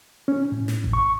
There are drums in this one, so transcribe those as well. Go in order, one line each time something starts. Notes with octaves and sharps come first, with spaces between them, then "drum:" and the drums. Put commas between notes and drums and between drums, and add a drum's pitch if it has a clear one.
C#4
A2
drum: snare
drum: kick A1
C#6